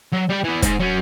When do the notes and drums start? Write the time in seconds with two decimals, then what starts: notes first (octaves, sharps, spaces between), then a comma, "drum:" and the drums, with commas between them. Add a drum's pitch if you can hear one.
0.13 F#3
0.30 G3 G5
0.44 E3 B3
0.62 G#2, drum: kick, hi-hat
0.80 F#3 C#4